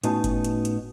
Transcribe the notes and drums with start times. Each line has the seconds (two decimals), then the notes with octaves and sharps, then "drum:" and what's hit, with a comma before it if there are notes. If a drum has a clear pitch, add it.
0.04 A2 B3 C#4 D#4 F#4 A5, drum: hi-hat
0.24 drum: kick F#1, hi-hat
0.44 drum: hi-hat
0.65 drum: hi-hat